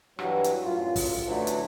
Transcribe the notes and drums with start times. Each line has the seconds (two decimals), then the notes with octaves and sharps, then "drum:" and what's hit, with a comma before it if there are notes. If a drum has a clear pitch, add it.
0.19 G2 E3 F#3, drum: rim click
0.44 drum: hi-hat
0.64 F#2 A2 F4
0.96 drum: kick, open hi-hat
1.26 A1 D3 E3 F#3 A3
1.47 drum: hi-hat